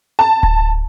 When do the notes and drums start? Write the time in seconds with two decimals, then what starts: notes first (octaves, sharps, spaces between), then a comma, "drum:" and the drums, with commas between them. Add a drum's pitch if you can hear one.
0.19 A5
0.43 drum: kick D1